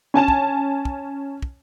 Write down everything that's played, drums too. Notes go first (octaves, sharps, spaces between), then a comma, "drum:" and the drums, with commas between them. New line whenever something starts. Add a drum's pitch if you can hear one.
C#4 G#5 A5 E7
drum: kick
drum: kick
drum: kick